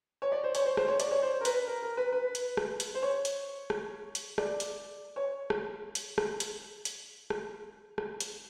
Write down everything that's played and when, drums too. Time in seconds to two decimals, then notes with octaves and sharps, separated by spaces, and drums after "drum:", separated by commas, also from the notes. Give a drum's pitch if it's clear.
0.22 C#5
0.32 D5
0.43 C5
0.55 C#5, drum: hi-hat
0.66 C5
0.77 C5, drum: rim click
0.88 C#5
1.00 D5, drum: hi-hat
1.11 C#5
1.22 C5
1.41 A#4
1.45 B4, drum: hi-hat
1.68 A#4
1.82 A#4
1.97 B4
2.12 B4
2.35 drum: hi-hat
2.57 drum: rim click
2.80 drum: hi-hat
2.94 C5
3.03 C#5
3.25 drum: hi-hat
3.70 drum: rim click
4.15 drum: hi-hat
4.38 D5, drum: rim click
4.60 drum: hi-hat
5.16 C#5
5.50 drum: rim click
5.95 drum: hi-hat
6.18 drum: rim click
6.40 drum: hi-hat
6.85 drum: hi-hat
7.30 drum: rim click
7.98 drum: rim click
8.20 drum: hi-hat